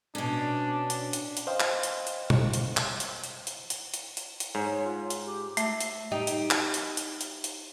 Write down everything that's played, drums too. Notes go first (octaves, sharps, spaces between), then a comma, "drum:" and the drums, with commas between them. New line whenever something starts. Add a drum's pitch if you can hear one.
B2 C#4 D4
drum: hi-hat
drum: hi-hat
drum: hi-hat
C5 D#5 F5 G5 C6
drum: clap
drum: hi-hat
drum: hi-hat
drum: tom B2
drum: hi-hat
drum: clap
drum: hi-hat
drum: hi-hat
drum: hi-hat
drum: hi-hat
drum: hi-hat
drum: hi-hat
drum: hi-hat
G#2 C#5
F4
drum: hi-hat
G4
A3 E5, drum: hi-hat
drum: hi-hat
D#4 G4
drum: hi-hat
drum: clap
drum: hi-hat
drum: hi-hat
drum: hi-hat
drum: hi-hat